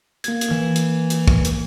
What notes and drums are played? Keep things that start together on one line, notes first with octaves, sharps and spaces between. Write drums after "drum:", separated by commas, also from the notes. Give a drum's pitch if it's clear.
A#3 G#6, drum: hi-hat
drum: hi-hat
E3
drum: hi-hat
drum: hi-hat
drum: kick
drum: hi-hat